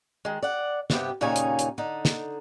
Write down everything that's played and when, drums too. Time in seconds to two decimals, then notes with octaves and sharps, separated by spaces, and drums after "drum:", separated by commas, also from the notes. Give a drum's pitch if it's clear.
0.25 D#3 G#3
0.43 D5 F#5
0.90 G2 C3 B3 G4, drum: snare
1.21 D#2 A#2 C#3 C#4 D#4 G#5
1.36 drum: hi-hat
1.59 drum: hi-hat
1.78 D3 D#4
2.05 drum: snare